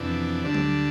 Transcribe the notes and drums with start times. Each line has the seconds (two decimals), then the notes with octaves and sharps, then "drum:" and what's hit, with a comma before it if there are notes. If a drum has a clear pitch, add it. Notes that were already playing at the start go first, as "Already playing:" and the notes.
Already playing: F2 C3 E3 B3 D4
0.44 D2 D3 G3 D4
0.54 drum: tom F#3